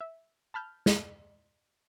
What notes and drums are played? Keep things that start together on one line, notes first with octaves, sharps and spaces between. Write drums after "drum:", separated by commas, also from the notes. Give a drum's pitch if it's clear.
E5
A5 B5 F6 G6
drum: snare